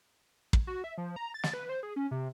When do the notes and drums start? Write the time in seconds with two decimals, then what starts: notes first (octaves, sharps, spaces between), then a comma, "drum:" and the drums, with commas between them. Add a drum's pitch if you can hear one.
0.53 drum: kick
0.67 F#4
0.84 E5
0.98 F3
1.16 A#5
1.34 A6
1.43 drum: snare
1.54 B4
1.69 C5
1.83 G#4
1.96 C#4
2.11 C3